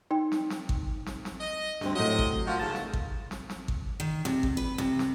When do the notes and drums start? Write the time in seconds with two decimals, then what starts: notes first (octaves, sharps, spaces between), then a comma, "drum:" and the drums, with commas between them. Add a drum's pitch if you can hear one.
0.11 D#4 G5
0.32 drum: snare
0.50 drum: snare
0.69 drum: kick G#1
1.06 drum: snare
1.25 drum: snare
1.40 D#5
1.81 D2 G2 C4, drum: snare
1.95 A2 C3 F#3 D#5
2.19 drum: kick G#1
2.47 F#2 F3 F4 F#4
2.60 D#2 A2 C#3 A5
2.75 drum: snare
2.93 drum: kick G#1
3.31 drum: snare
3.50 drum: snare
3.68 drum: kick G#1
4.00 D#3
4.25 C3, drum: snare
4.43 drum: kick G#1
4.57 B4
4.78 C3, drum: snare
4.99 drum: snare